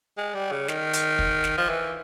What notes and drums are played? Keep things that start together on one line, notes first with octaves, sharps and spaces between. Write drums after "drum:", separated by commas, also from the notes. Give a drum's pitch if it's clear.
G#3
G3
C#3
D#3, drum: snare
drum: hi-hat
drum: kick
drum: snare
F3
E3